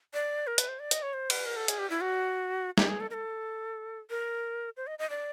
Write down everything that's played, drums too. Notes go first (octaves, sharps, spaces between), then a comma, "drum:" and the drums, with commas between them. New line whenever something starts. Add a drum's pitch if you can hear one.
D5
A#4
B4, drum: hi-hat
C5
D5
D#5, drum: hi-hat
C#5
C5
B4, drum: cymbal
A#4
A4
G#4, drum: hi-hat
G4
E4
F#4
G4, drum: snare
G#4
A4
A#4
A4
A#4
C5
D#5
D#5
D5